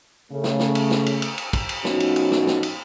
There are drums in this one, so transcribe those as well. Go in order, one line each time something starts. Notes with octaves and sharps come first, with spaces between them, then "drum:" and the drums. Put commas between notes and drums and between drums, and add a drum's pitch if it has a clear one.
C#3 A3
drum: snare
drum: snare
drum: cymbal
drum: snare
drum: cymbal
drum: cymbal
drum: cymbal
drum: kick, cymbal
drum: cymbal
A2 F3 B3 C#4 D#4 F#4, drum: snare
drum: cymbal
drum: cymbal
drum: snare
drum: snare
drum: cymbal